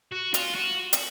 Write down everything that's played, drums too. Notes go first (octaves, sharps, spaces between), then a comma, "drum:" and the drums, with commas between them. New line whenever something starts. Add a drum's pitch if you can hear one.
F#4
F4, drum: hi-hat
F#4
drum: hi-hat